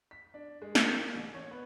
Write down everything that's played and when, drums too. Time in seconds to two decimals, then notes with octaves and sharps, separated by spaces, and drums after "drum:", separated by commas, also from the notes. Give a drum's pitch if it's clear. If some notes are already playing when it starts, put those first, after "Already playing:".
0.11 B6
0.34 D4
0.62 G#3
0.75 A#3, drum: snare
1.15 A1
1.34 C#5
1.51 B3